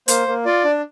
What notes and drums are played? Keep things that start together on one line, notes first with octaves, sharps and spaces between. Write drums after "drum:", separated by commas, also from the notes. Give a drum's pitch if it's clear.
A#3 C5, drum: hi-hat
A#3
F4 D5
D4